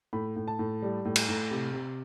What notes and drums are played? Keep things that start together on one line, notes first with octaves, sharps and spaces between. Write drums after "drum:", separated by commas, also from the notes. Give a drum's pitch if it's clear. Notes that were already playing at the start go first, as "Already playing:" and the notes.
A2 B5
A2
A5
A2
G3
A2
drum: cymbal
A2
C3
C3